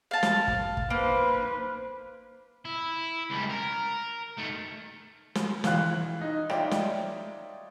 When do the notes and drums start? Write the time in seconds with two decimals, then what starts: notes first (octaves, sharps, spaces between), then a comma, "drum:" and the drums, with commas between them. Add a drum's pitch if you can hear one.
0.11 F5 A5
0.23 drum: snare
0.47 drum: kick
0.77 drum: kick
0.90 A#3 B4 C5
2.65 E4
3.30 C#2 G3
3.49 A#4
4.37 D#3 A3
5.35 drum: snare
5.64 E3 F4 F5 F#6, drum: snare
6.21 D#4
6.49 D#4 F4 C#5 D5 E5 G5, drum: rim click
6.71 drum: snare